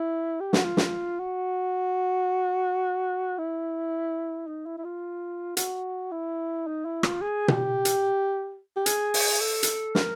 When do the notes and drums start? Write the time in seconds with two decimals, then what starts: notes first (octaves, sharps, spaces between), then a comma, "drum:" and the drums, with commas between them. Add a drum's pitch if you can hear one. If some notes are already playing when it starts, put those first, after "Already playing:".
Already playing: E4
0.40 G4
0.53 F#4, drum: snare
0.65 F4
0.77 drum: snare
1.19 F#4
3.38 E4
4.47 D#4
4.66 E4
4.78 E4
4.84 F4
5.57 F#4, drum: hi-hat
6.11 E4
6.67 D#4
6.85 E4
7.03 F4, drum: rim click
7.22 G#4
7.48 G4, drum: tom B2
7.85 drum: hi-hat
8.76 G4
8.86 G#4, drum: hi-hat
9.14 drum: open hi-hat
9.41 A4
9.63 drum: hi-hat
9.95 A#4, drum: snare